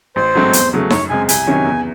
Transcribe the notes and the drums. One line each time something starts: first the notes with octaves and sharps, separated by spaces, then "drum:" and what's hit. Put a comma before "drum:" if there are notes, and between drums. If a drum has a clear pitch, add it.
A1 C5
G#2 F#3 A3 C4
E2, drum: hi-hat
C#3 F#3 A3
F#2 C#5, drum: snare D#4
C#3 G#3 C4 G#5
C2 G#5, drum: hi-hat
C3 D#3 F#3 C#4
E2